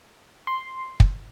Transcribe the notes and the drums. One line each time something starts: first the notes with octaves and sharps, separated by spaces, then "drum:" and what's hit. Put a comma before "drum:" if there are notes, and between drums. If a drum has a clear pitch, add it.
C6
drum: kick